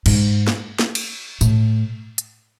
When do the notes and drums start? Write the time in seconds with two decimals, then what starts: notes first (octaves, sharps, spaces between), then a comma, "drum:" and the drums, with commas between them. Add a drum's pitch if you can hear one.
0.06 G#2, drum: cymbal
0.47 drum: snare
0.79 drum: snare
0.95 drum: cymbal
1.41 A2, drum: tambourine
2.18 drum: hi-hat